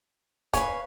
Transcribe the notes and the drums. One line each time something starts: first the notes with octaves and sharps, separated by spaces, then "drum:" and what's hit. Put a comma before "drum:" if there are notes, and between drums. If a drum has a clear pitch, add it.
C#4 B4 C#5 F5, drum: kick, hi-hat